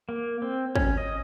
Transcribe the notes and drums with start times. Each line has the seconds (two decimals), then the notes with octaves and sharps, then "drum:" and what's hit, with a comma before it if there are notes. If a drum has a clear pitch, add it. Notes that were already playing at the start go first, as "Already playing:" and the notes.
0.09 A#3
0.42 C4
0.76 C#4, drum: kick
0.97 D#5